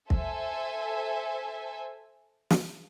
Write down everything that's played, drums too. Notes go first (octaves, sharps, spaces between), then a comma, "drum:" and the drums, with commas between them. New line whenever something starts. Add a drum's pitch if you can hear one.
A4 C5 E5 G#5, drum: kick
drum: snare